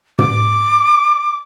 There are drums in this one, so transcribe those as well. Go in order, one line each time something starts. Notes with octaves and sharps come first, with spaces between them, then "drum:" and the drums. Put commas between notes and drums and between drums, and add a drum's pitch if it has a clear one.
D6, drum: tom